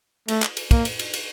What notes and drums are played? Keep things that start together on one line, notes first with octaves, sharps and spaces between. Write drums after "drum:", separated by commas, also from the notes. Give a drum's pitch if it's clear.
A3, drum: cymbal
drum: clap
drum: cymbal
A#3, drum: kick, cymbal
drum: cymbal
drum: cymbal
drum: cymbal